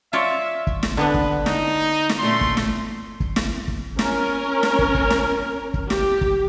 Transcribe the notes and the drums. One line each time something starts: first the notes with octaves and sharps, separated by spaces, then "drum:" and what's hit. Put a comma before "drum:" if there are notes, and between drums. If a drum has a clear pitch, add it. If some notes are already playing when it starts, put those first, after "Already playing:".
F4 C#5 D5 E5
drum: kick
drum: snare
D3 B3 D4 B4
drum: kick
D#4, drum: snare
drum: snare
A#2 A3 C#4 C6
drum: kick
drum: snare
drum: kick
drum: snare
drum: kick
C#4 A#4, drum: snare
drum: snare
drum: kick
drum: kick
drum: snare
drum: kick
G4, drum: snare
drum: kick